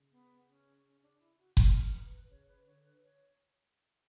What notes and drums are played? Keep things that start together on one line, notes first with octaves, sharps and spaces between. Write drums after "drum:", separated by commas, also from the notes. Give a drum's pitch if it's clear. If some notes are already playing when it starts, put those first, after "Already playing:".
Already playing: C#3
B3
C#4
C#4
D4
E4
F#4
F#4, drum: kick F#1
A4
B4
B4
C#3 C#5
B4
D3 C#5
B4
C#5